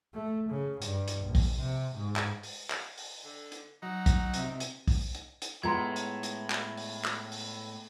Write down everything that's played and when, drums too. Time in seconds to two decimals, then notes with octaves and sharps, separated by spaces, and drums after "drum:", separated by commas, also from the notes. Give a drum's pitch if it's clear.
0.13 A3
0.50 C#3
0.82 G2, drum: hi-hat
1.08 drum: hi-hat
1.25 A#1
1.35 drum: kick, open hi-hat
1.57 C3
1.96 G#2
2.16 drum: clap
2.43 drum: open hi-hat
2.70 drum: clap
2.98 drum: open hi-hat
3.25 D3
3.52 drum: hi-hat
3.82 F#3 D#4
4.06 drum: kick, hi-hat
4.34 C3, drum: hi-hat
4.60 drum: hi-hat
4.88 drum: kick, open hi-hat
5.15 drum: hi-hat
5.42 drum: hi-hat
5.63 A2 G#3 B3 F4 A#5 C6 G#6
5.96 drum: hi-hat
6.23 drum: hi-hat
6.50 drum: clap
6.77 drum: open hi-hat
7.05 drum: clap
7.32 drum: open hi-hat